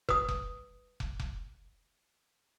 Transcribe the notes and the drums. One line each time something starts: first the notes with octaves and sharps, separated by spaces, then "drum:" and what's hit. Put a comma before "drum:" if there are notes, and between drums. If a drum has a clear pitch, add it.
B4 D#6, drum: kick
drum: kick
drum: kick
drum: kick